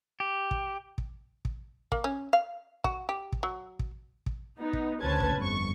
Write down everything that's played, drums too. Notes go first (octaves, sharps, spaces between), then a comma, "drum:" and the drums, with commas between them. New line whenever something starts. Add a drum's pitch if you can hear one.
G4
drum: kick
drum: kick
drum: kick
A#3, drum: kick
C#4
F5
F#4, drum: kick
G4
drum: kick
F#3
drum: kick
drum: kick
B3 D#4
drum: kick
D2 C#4 B4 C5 A5 G#6
drum: kick
G1 F2 C#6